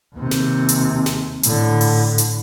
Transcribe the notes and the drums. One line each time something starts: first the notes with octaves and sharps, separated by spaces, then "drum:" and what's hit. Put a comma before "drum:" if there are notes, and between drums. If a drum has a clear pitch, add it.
D#2 C3
drum: snare
drum: hi-hat
drum: snare
A2 D3, drum: hi-hat
drum: open hi-hat
drum: hi-hat